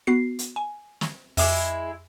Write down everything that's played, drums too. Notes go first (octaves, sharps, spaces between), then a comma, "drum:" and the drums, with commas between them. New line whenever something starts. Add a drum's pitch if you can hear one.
B3 F#4 C7
drum: hi-hat
G#5
drum: snare
F2 G#3 E4 D6, drum: open hi-hat